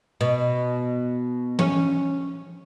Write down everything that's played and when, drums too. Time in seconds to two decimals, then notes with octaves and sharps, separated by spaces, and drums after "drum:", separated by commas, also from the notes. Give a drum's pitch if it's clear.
0.21 B2
1.59 C#4, drum: tom E3